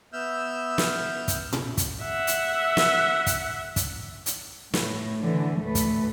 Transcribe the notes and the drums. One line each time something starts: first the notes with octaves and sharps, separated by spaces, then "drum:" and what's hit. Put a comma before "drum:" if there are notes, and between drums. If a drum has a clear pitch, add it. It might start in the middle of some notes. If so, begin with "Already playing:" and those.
B3 E5 E6 F6 G6
drum: snare
drum: kick, hi-hat
drum: tom A#2
drum: kick, hi-hat
E5 F#5
drum: hi-hat
drum: snare
drum: kick, hi-hat
drum: kick, hi-hat
drum: hi-hat
A2, drum: snare
D3 E3
D2 A2 A3 B4
drum: kick, hi-hat